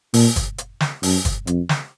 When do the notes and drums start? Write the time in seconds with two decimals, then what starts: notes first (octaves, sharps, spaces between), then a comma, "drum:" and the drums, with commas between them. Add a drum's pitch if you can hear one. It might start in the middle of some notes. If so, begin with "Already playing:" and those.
0.14 A#2, drum: open hi-hat
0.36 drum: kick, hi-hat
0.58 drum: hi-hat
0.81 drum: snare
1.03 F#2, drum: open hi-hat
1.25 drum: kick, hi-hat
1.47 F2, drum: hi-hat
1.69 drum: snare